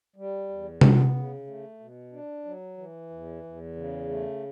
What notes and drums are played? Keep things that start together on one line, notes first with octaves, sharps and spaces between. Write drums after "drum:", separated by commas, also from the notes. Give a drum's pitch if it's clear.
G3
E2
B3, drum: tom C3
C#3
A3
B2
D4
F#3
E3
E2
E2
C#3
A3